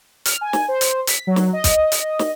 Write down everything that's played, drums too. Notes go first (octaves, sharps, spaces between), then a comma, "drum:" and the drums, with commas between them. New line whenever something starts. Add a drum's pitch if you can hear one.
F6, drum: hi-hat
G#5
drum: snare
C5
drum: hi-hat
B6, drum: hi-hat
F#3
drum: snare
D#5
drum: kick, hi-hat
drum: hi-hat
drum: snare